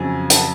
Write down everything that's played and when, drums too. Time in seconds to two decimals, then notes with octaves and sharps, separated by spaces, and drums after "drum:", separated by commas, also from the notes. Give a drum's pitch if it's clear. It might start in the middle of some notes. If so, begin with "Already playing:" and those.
Already playing: F2 C#3 F#3 G#5
0.30 A5, drum: hi-hat